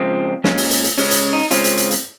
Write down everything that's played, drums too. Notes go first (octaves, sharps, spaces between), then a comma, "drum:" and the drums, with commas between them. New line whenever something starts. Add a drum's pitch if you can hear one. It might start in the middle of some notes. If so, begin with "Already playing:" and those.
Already playing: C#3 F3 G#3 C4
A#2 G#3 C#4, drum: snare
drum: open hi-hat
drum: hi-hat
drum: hi-hat
C#3 G#3 C#4, drum: open hi-hat
drum: hi-hat
D#4
C#3 G#3 C4 C#4 F4, drum: hi-hat
drum: hi-hat
drum: hi-hat
drum: hi-hat